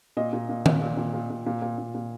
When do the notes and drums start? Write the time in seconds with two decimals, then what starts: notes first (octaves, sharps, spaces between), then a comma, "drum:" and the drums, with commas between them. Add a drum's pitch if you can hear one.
0.17 A#2 D#5
0.33 A#2
0.49 A#2
0.66 A#2, drum: tom
0.82 A#2
0.97 A#2
1.14 A#2
1.30 A#2
1.46 A#2
1.62 A#2
1.78 A#2
1.95 A#2